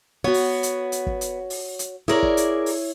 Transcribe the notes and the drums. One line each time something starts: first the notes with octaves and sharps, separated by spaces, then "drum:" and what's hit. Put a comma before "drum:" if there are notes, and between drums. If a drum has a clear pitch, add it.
B3 F#4 C#5
drum: open hi-hat
drum: hi-hat
drum: hi-hat
drum: kick
drum: hi-hat
drum: open hi-hat
drum: hi-hat
E4 G#4 A#4 C#5 D5
drum: kick
drum: hi-hat
drum: open hi-hat